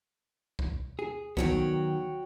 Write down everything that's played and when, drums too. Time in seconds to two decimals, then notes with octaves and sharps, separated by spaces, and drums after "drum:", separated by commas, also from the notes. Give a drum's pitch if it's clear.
0.59 drum: kick B1
0.99 G#4
1.37 D#3 F#3 B3 F#4 C#5 G5, drum: kick B1